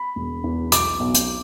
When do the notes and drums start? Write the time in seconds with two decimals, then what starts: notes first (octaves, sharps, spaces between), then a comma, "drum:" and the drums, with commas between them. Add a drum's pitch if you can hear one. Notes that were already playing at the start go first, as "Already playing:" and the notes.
Already playing: B5
0.16 E1
0.44 E2
0.72 B1 D6, drum: hi-hat
1.00 B1
1.14 drum: hi-hat